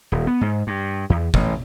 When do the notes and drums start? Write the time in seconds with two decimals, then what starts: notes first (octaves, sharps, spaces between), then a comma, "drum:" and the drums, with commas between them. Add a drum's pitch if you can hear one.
0.12 D#1
0.27 B3
0.41 G#2
0.67 G2
1.10 E2
1.34 A1, drum: kick